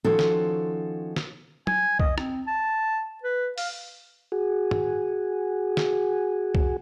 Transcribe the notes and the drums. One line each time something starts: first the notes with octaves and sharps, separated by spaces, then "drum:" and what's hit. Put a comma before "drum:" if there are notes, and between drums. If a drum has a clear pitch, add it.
D#3 F3 C#4 F#4 A4 C5
drum: snare
drum: snare
G#5, drum: tom F#3
D#5, drum: kick
C4, drum: rim click
A5
B4
F5, drum: open hi-hat
F#4 G#4
drum: tom
drum: snare
drum: kick